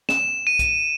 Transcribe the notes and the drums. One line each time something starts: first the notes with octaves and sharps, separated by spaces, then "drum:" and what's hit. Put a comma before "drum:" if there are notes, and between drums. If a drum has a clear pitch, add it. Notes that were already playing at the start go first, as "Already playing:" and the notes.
E7, drum: snare
D#7
drum: kick, hi-hat